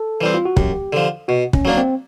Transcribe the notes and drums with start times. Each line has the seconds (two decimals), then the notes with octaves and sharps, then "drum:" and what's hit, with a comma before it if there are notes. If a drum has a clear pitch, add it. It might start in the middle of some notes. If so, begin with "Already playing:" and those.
Already playing: A4
0.21 E3 G3 C4
0.34 F4
0.45 F#4
0.57 F#2 G4, drum: kick
0.93 D3 F3
1.28 B2 F#4
1.53 C#4, drum: kick
1.65 F#3 A#3 D4
1.77 C4